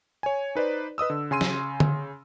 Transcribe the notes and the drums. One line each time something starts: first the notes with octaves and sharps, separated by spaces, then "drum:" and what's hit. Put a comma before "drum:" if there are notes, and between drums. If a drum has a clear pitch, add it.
C#5 G#5
D#4 B4 C5 D5
B4 D#5 D#6 E6
D3
C#3 G#5 C6 D#7
drum: snare
drum: tom D3